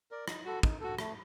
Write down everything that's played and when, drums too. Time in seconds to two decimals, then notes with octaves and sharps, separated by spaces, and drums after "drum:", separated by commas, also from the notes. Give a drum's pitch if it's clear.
0.11 A#4 D5
0.28 D#4, drum: rim click
0.45 F#4 A4
0.63 D#4, drum: kick
0.80 F#4 A4
0.99 A3, drum: rim click